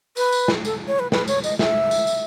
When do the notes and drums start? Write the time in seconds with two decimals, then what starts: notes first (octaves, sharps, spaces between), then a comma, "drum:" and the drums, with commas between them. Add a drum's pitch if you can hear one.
0.17 B4, drum: tambourine
0.32 drum: tambourine
0.48 drum: snare
0.65 A4, drum: tambourine
0.88 C#5
0.99 B4
1.12 B4, drum: snare
1.28 C#5, drum: tambourine
1.44 D#5, drum: tambourine
1.59 E5, drum: snare
1.91 drum: tambourine
2.07 drum: tambourine